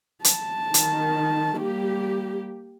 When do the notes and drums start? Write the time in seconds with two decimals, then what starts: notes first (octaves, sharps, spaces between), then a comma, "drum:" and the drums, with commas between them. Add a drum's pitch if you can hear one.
0.24 A5, drum: hi-hat
0.74 D#3, drum: hi-hat
1.59 G3 A#3 G4